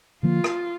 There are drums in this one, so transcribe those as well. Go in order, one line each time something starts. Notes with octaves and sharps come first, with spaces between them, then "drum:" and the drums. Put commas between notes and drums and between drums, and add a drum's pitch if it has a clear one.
D3 F3 A#3 F4
drum: rim click